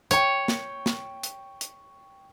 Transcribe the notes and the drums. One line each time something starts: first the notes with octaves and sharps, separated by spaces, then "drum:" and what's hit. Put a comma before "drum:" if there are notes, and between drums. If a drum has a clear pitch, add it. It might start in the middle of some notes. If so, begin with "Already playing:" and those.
C#5 G5 C#6, drum: hi-hat
drum: snare
drum: snare
drum: hi-hat
drum: hi-hat